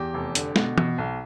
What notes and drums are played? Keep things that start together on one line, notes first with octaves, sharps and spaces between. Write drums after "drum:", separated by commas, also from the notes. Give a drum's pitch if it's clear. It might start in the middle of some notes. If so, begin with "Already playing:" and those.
Already playing: E2 G4
F1
D3, drum: hi-hat
B2, drum: snare
B2, drum: tom E3
B1